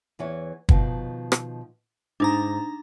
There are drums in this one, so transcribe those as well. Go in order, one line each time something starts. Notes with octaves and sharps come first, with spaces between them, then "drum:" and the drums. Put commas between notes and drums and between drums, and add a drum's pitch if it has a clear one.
E2 E3 C#5
B2 D#3 F3, drum: kick
drum: rim click
G#2 D4 D#4 A#5